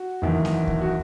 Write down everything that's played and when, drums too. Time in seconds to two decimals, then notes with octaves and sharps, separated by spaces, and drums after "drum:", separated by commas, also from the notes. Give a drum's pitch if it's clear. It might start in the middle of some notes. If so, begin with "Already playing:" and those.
Already playing: F#4
0.22 F#1 E2 D#3
0.45 drum: snare A#3
0.67 drum: kick C#2
0.81 F#4